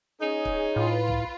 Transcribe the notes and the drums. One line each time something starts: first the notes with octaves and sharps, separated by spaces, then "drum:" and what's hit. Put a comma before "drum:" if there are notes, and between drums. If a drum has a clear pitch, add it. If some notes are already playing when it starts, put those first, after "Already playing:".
C#4 D#4 G#4
drum: kick
A2 F4 B4
drum: tom